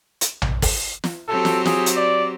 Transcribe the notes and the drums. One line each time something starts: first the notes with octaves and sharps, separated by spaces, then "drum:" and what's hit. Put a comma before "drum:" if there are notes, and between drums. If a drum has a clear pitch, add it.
drum: hi-hat
drum: tom A#1
drum: kick, open hi-hat
drum: snare
F#3 C4 G4 A4
drum: snare
G#4, drum: snare
drum: hi-hat
D5